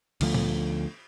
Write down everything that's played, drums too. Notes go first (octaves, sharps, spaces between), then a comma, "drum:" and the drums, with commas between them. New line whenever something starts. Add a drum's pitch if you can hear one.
D2 D3 F3 A3, drum: cymbal
drum: tom A#2